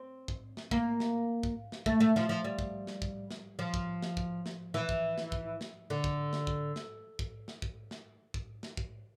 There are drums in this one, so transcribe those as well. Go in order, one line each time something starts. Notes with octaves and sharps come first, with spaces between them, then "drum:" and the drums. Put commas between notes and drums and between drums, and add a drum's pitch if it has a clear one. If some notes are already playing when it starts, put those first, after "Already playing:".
Already playing: C4
drum: kick
drum: snare
A#3, drum: kick
drum: snare
drum: kick
drum: snare
A3, drum: kick
A3
F3, drum: snare
F3
G3
drum: kick
drum: snare
drum: kick
drum: snare
F3
drum: kick
drum: snare
drum: kick
drum: snare
E3
drum: kick
drum: snare
drum: kick
drum: snare
D3
drum: kick
drum: snare
drum: kick
drum: snare
drum: kick
drum: snare
drum: kick
drum: snare
drum: kick
drum: snare
drum: kick